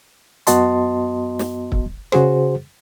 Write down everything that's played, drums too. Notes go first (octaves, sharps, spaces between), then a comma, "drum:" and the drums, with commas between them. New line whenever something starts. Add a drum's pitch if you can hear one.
F#2 B3 F#4 D#5 A5 C6, drum: hi-hat
drum: snare
drum: kick
C#3 F#4 G#4 C5, drum: rim click